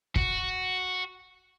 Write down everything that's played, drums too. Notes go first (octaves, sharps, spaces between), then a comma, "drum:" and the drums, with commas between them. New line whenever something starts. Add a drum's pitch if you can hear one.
F#4, drum: kick